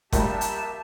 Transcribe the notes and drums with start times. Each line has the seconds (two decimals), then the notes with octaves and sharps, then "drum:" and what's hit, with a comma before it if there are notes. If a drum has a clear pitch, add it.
0.12 A#1 G3 G4 A#4 E5 G5 A5 A#5, drum: kick F#1, hi-hat
0.41 drum: hi-hat